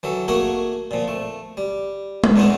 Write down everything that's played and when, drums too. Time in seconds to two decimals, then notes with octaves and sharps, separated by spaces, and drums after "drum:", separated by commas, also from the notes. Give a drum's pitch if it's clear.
0.03 E3 F#3 A4
0.28 A3 A#3 F#4 G#4 A#4
0.91 A#2 F3
1.08 A3
1.57 G3
2.24 drum: tom G#3
2.36 E2 A2 G#3 A3 B3 D#4